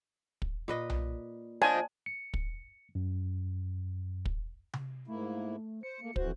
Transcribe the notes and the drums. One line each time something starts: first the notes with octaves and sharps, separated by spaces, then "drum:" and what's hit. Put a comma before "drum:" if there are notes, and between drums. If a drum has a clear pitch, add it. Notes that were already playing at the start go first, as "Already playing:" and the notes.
drum: kick
A#2 B4 D#5
drum: tom B1
D4 F4 C5 D#5 G#5
C#7
drum: kick
F#2
drum: kick
drum: tom C3
G#2 A3 A#3 E4
C5 C#7
A3 A#3
F2 E3 F#4 C5, drum: kick